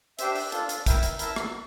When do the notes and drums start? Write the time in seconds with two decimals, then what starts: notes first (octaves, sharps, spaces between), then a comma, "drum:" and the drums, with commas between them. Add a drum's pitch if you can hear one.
0.19 D4 G4 C5 E5, drum: hi-hat
0.35 drum: open hi-hat
0.52 D4 F4 A4, drum: hi-hat
0.69 drum: hi-hat
0.86 E4 A#4 E5 G5, drum: kick, hi-hat
1.03 drum: hi-hat
1.19 E4 A#4 E5 A5, drum: hi-hat
1.36 drum: rim click